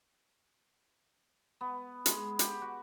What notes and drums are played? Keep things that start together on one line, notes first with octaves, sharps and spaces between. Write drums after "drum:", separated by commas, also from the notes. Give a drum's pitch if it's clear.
B3
G#3, drum: hi-hat
G4, drum: hi-hat
F#4